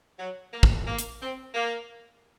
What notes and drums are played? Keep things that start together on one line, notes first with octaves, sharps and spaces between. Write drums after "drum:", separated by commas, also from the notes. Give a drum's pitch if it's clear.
F#3
A#3
drum: kick
A#3
drum: hi-hat
C4
A#3